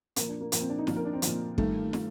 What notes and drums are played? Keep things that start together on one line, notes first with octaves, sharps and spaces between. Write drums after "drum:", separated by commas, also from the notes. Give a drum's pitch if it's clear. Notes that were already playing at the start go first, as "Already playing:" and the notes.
A#2 F3 A#3, drum: hi-hat
D4
A#3
A#2 F3 A#3, drum: hi-hat
C4
D4
D#4
A#2 F3 F4, drum: snare
A#4
D4
C4
A#2 F3, drum: hi-hat
G2 D#3 A3, drum: kick
drum: snare